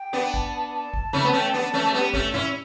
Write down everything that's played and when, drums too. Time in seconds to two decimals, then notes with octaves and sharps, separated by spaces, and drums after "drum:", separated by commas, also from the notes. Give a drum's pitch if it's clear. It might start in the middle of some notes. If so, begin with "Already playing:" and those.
Already playing: G5
0.13 B3 D4
0.34 A5, drum: kick
0.74 A5
0.94 drum: kick
1.13 A3 C#4 B5, drum: tom C#3
1.25 B3 A5
1.33 A3 C#4 G5
1.50 B3 D4 A5
1.73 A3 C#4
1.86 A3
1.94 G3 B3
2.14 A3 C#4, drum: kick
2.34 C#4 E4, drum: tom A#2